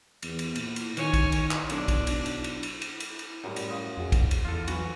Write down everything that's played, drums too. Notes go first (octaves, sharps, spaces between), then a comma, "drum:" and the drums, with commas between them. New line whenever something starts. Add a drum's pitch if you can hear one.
E2, drum: cymbal
drum: cymbal
A#2, drum: cymbal
drum: cymbal
D#3 C#5 G#5, drum: cymbal
drum: kick A#1, cymbal
drum: cymbal
drum: clap
B1 D4, drum: cymbal
drum: kick A#1, cymbal
drum: cymbal
drum: cymbal
drum: cymbal
drum: cymbal
drum: cymbal
drum: cymbal
drum: cymbal
F#2 A2 G3 F#4
drum: cymbal
F5 C6 D#6
F2 F#4 G#4 F#5
drum: kick A#1, cymbal
drum: cymbal
E2 F4 A4
E3 F#3 F#4, drum: cymbal